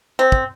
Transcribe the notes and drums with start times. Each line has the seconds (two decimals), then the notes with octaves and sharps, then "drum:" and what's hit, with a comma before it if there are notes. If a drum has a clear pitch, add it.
0.19 C4
0.32 drum: kick